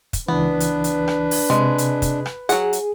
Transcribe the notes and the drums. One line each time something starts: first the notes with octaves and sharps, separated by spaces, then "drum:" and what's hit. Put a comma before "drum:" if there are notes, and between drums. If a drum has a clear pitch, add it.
drum: kick, hi-hat
C#2 E3 B3 D4 B4
drum: hi-hat
drum: hi-hat
drum: rim click
drum: open hi-hat
C3 G#3
drum: hi-hat
drum: kick, hi-hat
drum: rim click
F#3 G#4 F#5, drum: hi-hat
drum: hi-hat